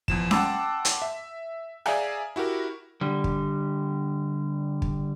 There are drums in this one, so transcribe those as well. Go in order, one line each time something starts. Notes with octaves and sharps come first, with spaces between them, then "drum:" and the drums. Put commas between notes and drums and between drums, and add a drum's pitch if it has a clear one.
E2 F3 E7, drum: kick
F#5 G5 A5 C6 D6 E6, drum: snare C#4
drum: hi-hat
E5
G#4 D5 E5 F5 G#5 A#5, drum: rim click
E4 F#4 G4 A#4
D3 G3
drum: kick
drum: kick